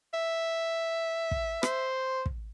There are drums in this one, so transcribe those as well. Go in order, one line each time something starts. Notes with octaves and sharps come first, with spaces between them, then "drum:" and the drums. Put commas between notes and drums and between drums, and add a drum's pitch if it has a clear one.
E5
drum: kick
C5, drum: rim click
drum: kick